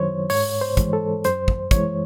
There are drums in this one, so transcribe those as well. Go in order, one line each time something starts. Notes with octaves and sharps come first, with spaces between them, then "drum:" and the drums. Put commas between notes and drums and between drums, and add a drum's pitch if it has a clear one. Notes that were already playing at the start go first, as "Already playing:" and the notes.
Already playing: F#2 D#3 F#3 C5 C#5
G#2 C#5, drum: open hi-hat
C5
E3 G#3, drum: kick, hi-hat
A4
F#2 C5, drum: hi-hat
drum: kick
E3 G#3 C#5, drum: kick, hi-hat